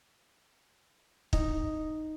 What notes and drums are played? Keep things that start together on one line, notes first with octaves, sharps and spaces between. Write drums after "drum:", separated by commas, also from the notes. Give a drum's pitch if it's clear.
D#4, drum: kick